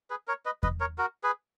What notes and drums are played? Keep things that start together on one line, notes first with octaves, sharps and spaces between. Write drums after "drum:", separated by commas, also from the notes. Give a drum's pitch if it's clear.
G#4 B4
A#4 C#5
B4 D#5
B4 D#5, drum: kick E2
A#4 C#5
F#4 A#4
G#4 B4